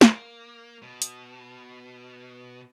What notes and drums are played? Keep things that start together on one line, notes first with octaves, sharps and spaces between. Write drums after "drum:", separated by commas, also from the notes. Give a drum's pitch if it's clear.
A#3, drum: snare
B2
drum: hi-hat